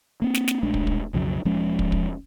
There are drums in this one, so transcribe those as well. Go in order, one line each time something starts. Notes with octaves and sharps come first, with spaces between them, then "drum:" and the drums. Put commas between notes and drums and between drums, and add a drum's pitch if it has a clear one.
A#3 C4
drum: snare
drum: snare
A#1 G#3 A3 D4
drum: kick
drum: kick
B1 F2 C#3 F#3
E1 F3 G#3 C#4
drum: kick
drum: kick